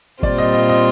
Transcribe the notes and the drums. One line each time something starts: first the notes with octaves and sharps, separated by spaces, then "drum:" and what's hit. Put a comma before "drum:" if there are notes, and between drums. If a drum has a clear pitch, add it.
A#2 G3 C4 F4 D5, drum: kick
D#5
D#5
D#5